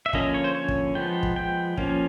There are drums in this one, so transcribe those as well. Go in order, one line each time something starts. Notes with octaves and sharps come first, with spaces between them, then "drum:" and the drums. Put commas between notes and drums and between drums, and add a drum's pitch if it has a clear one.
E5
D3 F3 A#3 C#4 D#5, drum: kick
C#5
C5
C#5
drum: kick
F3 G#3 B3 G5
drum: kick
G5
F3 A#3 C#4, drum: kick